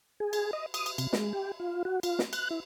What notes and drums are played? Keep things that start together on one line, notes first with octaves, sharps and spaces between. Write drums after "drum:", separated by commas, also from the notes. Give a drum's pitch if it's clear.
G#4
drum: cymbal
D#5
D#6, drum: cymbal
drum: cymbal
C3, drum: cymbal
G#3, drum: snare
G4
F4
F#4
F4, drum: cymbal
drum: snare
F#6, drum: cymbal
E4